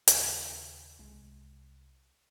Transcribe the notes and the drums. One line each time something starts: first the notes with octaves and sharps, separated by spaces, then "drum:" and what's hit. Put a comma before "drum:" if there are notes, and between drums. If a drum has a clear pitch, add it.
D#2 C#3, drum: hi-hat
C2 G#3